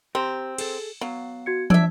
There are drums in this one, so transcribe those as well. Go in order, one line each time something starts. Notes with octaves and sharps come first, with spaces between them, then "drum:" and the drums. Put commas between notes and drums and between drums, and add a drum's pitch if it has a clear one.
C4 G4 A#5
G#4 A4, drum: cymbal
F#3 B3 F5
F#4 G#6 C#7
D4 E5 E6 G#6, drum: tom